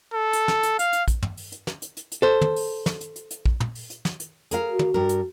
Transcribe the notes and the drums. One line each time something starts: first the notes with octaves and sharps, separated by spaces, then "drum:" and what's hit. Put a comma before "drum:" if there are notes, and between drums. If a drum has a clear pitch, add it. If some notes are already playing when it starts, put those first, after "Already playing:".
A4
drum: hi-hat
drum: snare
drum: hi-hat
F5, drum: hi-hat
drum: hi-hat
drum: kick, hi-hat
drum: tom
drum: open hi-hat
drum: hi-hat
drum: snare
drum: hi-hat
drum: hi-hat
drum: hi-hat
A4 C5
drum: tom
drum: open hi-hat
drum: snare
drum: hi-hat
drum: hi-hat
drum: hi-hat
drum: kick
drum: tom
drum: open hi-hat
drum: hi-hat
drum: snare
drum: hi-hat
G#4 A#4 F5, drum: hi-hat
F#4
drum: tom
G2 A#4
drum: hi-hat